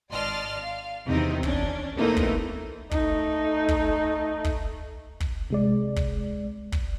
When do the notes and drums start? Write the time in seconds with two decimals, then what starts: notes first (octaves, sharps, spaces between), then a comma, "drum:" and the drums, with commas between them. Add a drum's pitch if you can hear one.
0.11 G#1 D5 D#5 A5 C6 F6
0.58 F5
1.04 E2 C3 D#3 C4 D#4
1.43 C#4 D4, drum: kick
1.98 B2 E3 A3 A#3 C4 D#4
2.17 drum: kick
2.91 A3 D#4, drum: kick
3.68 drum: kick
4.44 drum: kick
5.20 drum: kick
5.50 C3 G#3 D5
5.96 drum: kick
6.72 drum: kick